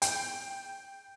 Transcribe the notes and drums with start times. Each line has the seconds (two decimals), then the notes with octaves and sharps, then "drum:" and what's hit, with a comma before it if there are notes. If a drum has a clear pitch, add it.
0.02 G5, drum: hi-hat